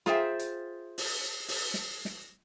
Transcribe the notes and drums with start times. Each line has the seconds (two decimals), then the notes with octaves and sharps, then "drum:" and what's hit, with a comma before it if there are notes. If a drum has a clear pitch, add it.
0.06 F4 G#4 C5 E5 G5, drum: snare
0.39 drum: hi-hat
0.98 drum: open hi-hat
1.48 drum: open hi-hat
1.74 drum: snare
2.05 drum: snare